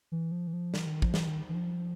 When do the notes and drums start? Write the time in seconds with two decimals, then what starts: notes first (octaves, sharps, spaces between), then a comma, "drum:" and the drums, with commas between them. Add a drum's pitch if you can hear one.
0.12 E3
0.32 F3
0.47 E3
0.53 F3
0.74 E3, drum: snare
0.87 D#3
1.02 F3, drum: kick
1.14 E3, drum: snare
1.27 D#3
1.49 E3
1.55 F3